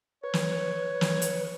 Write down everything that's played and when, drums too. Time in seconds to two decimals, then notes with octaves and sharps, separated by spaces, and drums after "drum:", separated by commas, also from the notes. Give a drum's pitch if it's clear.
0.24 B4 C#5
0.34 drum: snare
1.01 drum: snare
1.22 drum: hi-hat